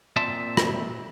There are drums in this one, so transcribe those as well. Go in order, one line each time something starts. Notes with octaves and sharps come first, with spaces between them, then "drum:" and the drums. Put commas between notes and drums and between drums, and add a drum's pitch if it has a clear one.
A#2 C4 D5 E5 A5 C6
drum: rim click